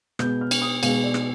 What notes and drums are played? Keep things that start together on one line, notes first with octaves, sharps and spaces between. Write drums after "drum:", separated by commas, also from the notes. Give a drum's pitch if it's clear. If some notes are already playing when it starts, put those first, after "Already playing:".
B2 G#3 B3 G6, drum: rim click
F6
drum: cymbal
D#6
B2 G#3 B3 F5, drum: cymbal
D5
drum: rim click